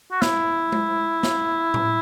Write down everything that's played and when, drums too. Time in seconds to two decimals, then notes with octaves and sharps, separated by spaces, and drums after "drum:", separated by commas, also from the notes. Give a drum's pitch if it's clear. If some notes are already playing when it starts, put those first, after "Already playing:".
0.11 F#4
0.22 E4, drum: snare
0.72 drum: tom G#3
1.23 drum: snare
1.74 drum: tom A2